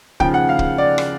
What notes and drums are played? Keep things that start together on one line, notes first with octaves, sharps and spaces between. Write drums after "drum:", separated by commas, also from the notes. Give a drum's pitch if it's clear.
D#2 C#3 F3 G5, drum: kick
F#5
F5
drum: kick
D5
drum: rim click